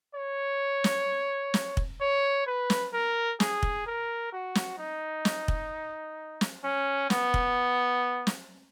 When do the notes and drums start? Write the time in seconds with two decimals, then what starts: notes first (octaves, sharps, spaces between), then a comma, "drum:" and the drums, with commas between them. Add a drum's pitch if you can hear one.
0.15 C#5
0.84 drum: snare
1.54 drum: snare
1.77 drum: kick
2.01 C#5
2.47 B4
2.70 drum: snare
2.93 A#4
3.40 G#4, drum: snare
3.63 drum: kick
3.86 A#4
4.32 F#4
4.55 drum: snare
4.78 D#4
5.25 drum: snare
5.48 drum: kick
6.41 drum: snare
6.64 C#4
7.10 B3, drum: snare
7.34 drum: kick
8.27 drum: snare